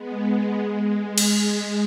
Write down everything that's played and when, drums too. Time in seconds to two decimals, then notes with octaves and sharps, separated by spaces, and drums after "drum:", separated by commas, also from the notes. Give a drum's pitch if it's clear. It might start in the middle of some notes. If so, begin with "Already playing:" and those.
Already playing: G#3 B3
0.22 G#3 B3
0.55 G#3
1.18 drum: cymbal